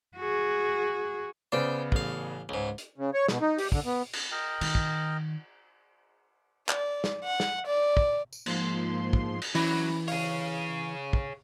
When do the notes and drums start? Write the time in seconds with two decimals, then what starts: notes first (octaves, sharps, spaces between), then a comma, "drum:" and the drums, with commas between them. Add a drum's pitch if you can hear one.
0.17 F#4 G#4
1.52 C#3 B3 C5 D5 G5
1.92 A1 F5, drum: kick
2.49 C#2 G#2
2.78 drum: hi-hat
2.98 C#3
3.14 C#5
3.28 B2, drum: snare
3.41 D#4
3.58 G4, drum: open hi-hat
3.72 D3, drum: kick
3.85 B3
4.13 drum: cymbal
4.31 A#4 D#5 G5
4.61 D#3, drum: cymbal
4.75 drum: kick
6.69 D5, drum: clap
7.04 drum: snare
7.25 F#5
7.40 drum: snare
7.67 D5
7.97 drum: kick
8.33 drum: tambourine
8.46 G#2 F3 A#3 C6, drum: cymbal
9.13 drum: kick
9.42 drum: cymbal
9.55 E3 F#3 C#4 E4 B5, drum: open hi-hat
10.08 G#4 C#5 F5, drum: open hi-hat
11.13 drum: kick